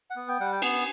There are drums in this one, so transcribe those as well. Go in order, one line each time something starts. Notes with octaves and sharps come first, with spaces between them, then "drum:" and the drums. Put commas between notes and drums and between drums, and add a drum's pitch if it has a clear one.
F#5
B3
G5
G3 F#5
G5
B3 G#5, drum: cymbal